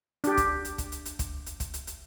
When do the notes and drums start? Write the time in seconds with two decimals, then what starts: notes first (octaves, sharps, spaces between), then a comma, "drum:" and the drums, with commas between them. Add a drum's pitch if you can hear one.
0.24 D4 G4, drum: hi-hat
0.37 drum: kick, hi-hat
0.65 drum: hi-hat
0.78 drum: kick, hi-hat
0.92 drum: hi-hat
1.05 drum: hi-hat
1.19 drum: kick, hi-hat
1.46 drum: hi-hat
1.60 drum: kick, hi-hat
1.74 drum: hi-hat
1.87 drum: hi-hat